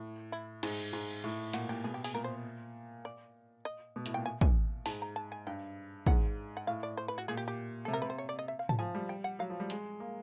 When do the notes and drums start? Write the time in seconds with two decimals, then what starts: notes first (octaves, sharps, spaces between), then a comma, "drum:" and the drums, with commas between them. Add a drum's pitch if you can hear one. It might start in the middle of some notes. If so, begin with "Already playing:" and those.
Already playing: A2
0.32 E4
0.63 G#2, drum: cymbal
0.93 G#2
1.24 A2
1.53 A#2 F#4, drum: hi-hat
1.69 A#2 G4
1.84 B2 G#4
1.94 G4
2.04 G#4, drum: open hi-hat
2.14 A#2 A#4
2.24 C5
3.05 D5
3.65 D#5
3.96 B2
4.06 A2, drum: hi-hat
4.14 A#2 G5
4.26 G#5
4.41 G#5, drum: kick
4.86 G#2 A5, drum: open hi-hat
5.02 A#5
5.16 A5
5.32 G#5
5.47 G2 G5
6.06 G#2 F#5, drum: kick
6.57 F#5
6.67 A2 F5
6.83 D5
6.97 C5
7.08 B4
7.18 F#4
7.28 A#2 G#4
7.37 G4
7.48 G4
7.85 A4
7.88 C3
7.93 A#4
8.02 C3 B4
8.10 C5
8.18 C#5
8.29 D5
8.39 D#5
8.48 E5
8.59 F5
8.69 A5, drum: tom G#2
8.79 F3 G#5
8.95 G3
9.09 G5
9.24 F#5
9.39 F#3 F5
9.50 F3
9.60 G3
9.70 G#3, drum: hi-hat
10.00 A#3